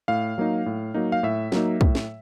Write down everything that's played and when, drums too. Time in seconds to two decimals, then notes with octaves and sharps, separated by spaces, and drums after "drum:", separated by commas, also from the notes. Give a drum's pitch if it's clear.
0.08 A2 F5
0.38 F#3 A#3 D#4
0.66 A2
0.94 F#3 A#3 D#4
1.12 F5
1.23 A2 E5
1.52 F#3 A#3 D#4, drum: snare
1.81 A2, drum: kick
1.95 drum: snare